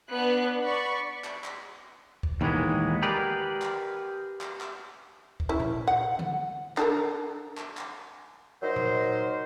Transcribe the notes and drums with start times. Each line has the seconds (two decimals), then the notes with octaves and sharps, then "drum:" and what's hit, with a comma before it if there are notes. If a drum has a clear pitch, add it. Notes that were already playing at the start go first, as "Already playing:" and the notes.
0.11 B3 D4 F#6
0.63 D5 B5 C#6
1.24 drum: clap
1.44 drum: clap
2.23 drum: kick
2.41 D#2 D#3 E3 G#3 B3, drum: tom A#2
3.02 G4 G#4 A#4 B4 D5, drum: tom
3.62 drum: clap
4.41 drum: clap
4.61 drum: clap
5.40 drum: kick
5.49 C#4 E4
5.60 drum: tom A#2
5.87 F#5
6.19 drum: tom D3
6.77 D4 A4 A#4, drum: clap
7.57 drum: clap
7.77 drum: clap
8.63 F#3 D#4 A#4 C5
8.76 drum: tom A#2